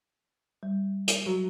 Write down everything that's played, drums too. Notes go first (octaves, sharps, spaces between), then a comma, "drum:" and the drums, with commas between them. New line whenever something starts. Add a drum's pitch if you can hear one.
G3
drum: hi-hat
F#3